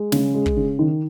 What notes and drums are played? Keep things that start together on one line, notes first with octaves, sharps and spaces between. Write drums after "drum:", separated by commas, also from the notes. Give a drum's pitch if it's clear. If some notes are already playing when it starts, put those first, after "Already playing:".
Already playing: G#3
C#3, drum: snare
G#3
drum: kick
C#3
D#3